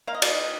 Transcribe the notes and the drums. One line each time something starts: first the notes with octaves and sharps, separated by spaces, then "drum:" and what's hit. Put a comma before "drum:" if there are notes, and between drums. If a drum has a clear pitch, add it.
A#3 F5
D#5
D5, drum: cymbal
D#5